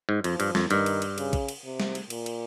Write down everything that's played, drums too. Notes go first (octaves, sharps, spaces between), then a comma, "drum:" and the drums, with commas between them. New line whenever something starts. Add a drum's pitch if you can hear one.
G#2
F2 F3, drum: cymbal
G2, drum: cymbal
F2, drum: snare
G2 D#3, drum: cymbal
drum: cymbal
drum: cymbal
C#3, drum: cymbal
drum: kick A#1, cymbal
drum: cymbal
C3
drum: snare
drum: cymbal
A#2, drum: cymbal
drum: cymbal